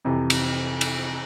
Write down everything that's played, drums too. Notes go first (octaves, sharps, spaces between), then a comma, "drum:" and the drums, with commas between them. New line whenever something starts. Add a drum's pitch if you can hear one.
F2 C3 E3
drum: cymbal
drum: cymbal